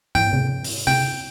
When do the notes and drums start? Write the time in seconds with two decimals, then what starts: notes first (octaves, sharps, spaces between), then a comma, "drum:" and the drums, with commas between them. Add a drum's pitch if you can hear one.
0.15 G5, drum: tom
0.33 drum: tom C3
0.64 drum: open hi-hat
0.87 G5, drum: tom C3